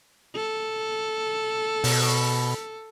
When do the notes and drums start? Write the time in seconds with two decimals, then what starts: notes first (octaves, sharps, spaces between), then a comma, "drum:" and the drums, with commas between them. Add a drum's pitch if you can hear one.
0.35 A4
1.84 B2, drum: open hi-hat